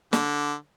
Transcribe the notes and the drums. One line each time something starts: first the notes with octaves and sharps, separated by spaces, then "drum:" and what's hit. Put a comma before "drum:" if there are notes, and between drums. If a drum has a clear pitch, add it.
D3, drum: snare